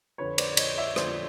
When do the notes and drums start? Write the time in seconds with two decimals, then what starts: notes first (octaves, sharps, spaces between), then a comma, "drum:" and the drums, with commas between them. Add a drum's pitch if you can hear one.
0.18 F2 D3 F3 B4 C#5
0.38 C5 D5, drum: cymbal
0.57 C#5 D#5, drum: cymbal
0.78 D5 E5
0.96 F2 D3 F3 C5 D5, drum: rim click